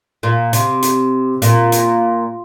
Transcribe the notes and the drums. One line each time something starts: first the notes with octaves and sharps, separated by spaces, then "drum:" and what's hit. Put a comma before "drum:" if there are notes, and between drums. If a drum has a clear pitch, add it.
A#2
C3, drum: hi-hat
drum: hi-hat
A#2, drum: hi-hat
drum: hi-hat